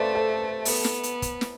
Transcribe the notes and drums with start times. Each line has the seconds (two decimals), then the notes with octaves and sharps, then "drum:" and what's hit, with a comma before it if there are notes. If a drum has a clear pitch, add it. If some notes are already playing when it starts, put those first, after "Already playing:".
Already playing: A3 B4 C5 D5 E5 F5
0.15 A4 C5
0.40 B4
0.65 B3 A4, drum: open hi-hat
0.84 drum: snare
1.03 drum: hi-hat
1.22 drum: kick, hi-hat
1.41 drum: snare